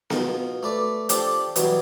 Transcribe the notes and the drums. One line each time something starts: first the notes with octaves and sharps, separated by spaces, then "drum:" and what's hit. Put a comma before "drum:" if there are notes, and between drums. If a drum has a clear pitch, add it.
B2 F4 A#4, drum: snare B3
A3 B4 D5
F3 D4 G4 A4, drum: hi-hat
B2 E3 F#3 G3, drum: hi-hat